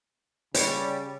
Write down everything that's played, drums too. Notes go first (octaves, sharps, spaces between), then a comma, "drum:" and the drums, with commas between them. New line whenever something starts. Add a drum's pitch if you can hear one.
C#3 G3 C#5, drum: hi-hat